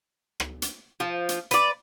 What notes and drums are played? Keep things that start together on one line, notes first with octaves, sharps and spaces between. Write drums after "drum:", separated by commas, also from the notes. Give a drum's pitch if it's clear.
drum: rim click
drum: hi-hat
F3
drum: hi-hat
B4 D5, drum: hi-hat